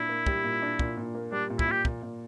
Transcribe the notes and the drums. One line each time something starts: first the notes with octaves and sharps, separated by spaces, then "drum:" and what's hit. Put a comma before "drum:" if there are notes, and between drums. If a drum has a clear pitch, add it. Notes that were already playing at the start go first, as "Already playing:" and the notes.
Already playing: A#2 D4 E4
A#3
G3, drum: kick
A#2
D4
A#2, drum: kick
A#2
A#3
G3 D4
A#2
E4, drum: kick
A#2 G4
A#2, drum: kick
A#2